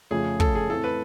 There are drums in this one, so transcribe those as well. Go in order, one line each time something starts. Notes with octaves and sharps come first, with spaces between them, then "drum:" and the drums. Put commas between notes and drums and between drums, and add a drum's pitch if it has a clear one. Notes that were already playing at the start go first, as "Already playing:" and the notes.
F2 C#3 F3 A3 G#4
A4, drum: kick
G#4
A2 E3 A3 C4 A4
B4